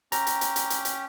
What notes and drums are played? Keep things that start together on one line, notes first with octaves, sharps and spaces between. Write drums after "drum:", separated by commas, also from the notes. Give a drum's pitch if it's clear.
C#4 G4 A#5, drum: hi-hat
drum: hi-hat
drum: hi-hat
drum: hi-hat
drum: hi-hat
drum: hi-hat